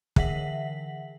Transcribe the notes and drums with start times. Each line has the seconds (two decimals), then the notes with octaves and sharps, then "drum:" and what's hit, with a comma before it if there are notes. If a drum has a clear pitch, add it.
0.16 D3 E3 E5 F#5 B6 F#7, drum: kick